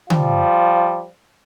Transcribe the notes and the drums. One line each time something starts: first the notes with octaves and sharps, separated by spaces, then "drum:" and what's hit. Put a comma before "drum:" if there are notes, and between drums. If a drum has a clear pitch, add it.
F3 G3 F4, drum: tom D3